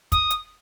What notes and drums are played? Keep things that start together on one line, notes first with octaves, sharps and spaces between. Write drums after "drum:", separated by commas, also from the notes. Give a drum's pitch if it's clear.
D#6, drum: kick, hi-hat
drum: hi-hat